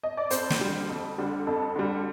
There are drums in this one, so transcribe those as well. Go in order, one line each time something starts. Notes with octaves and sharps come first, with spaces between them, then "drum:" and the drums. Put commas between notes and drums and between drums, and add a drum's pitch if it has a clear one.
D#5
D5
F2 C5, drum: hi-hat
drum: snare
D3 G3
F2
D3 G3
F2 A4
D3 G3